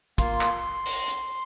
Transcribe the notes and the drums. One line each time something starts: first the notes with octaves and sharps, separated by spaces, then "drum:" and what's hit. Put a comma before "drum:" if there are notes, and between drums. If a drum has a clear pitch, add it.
A#3 F4 C6, drum: kick, hi-hat
drum: clap
drum: open hi-hat
drum: hi-hat